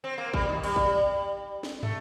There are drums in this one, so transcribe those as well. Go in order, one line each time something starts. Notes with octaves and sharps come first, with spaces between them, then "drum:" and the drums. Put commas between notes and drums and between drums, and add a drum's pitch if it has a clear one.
C4
A#3
G3, drum: kick
D#3
G3, drum: open hi-hat
drum: kick
drum: snare
A3, drum: tom